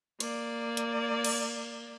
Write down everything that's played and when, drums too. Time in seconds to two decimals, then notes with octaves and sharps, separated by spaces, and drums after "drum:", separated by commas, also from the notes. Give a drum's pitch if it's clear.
0.20 A#3 D5, drum: cymbal
0.77 drum: hi-hat
1.25 drum: cymbal